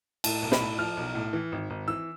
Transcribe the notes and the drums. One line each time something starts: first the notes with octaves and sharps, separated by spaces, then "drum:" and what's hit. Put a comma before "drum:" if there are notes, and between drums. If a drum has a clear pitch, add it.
A2 A5, drum: cymbal
B1
B5, drum: snare
A2
F3 F6
B1
A2
E3
G#1
G#1
E3 E6